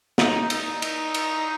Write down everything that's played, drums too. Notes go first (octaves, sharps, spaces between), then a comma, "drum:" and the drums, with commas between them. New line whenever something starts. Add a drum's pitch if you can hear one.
D#4, drum: snare
D#4, drum: cymbal
D#4, drum: cymbal
drum: cymbal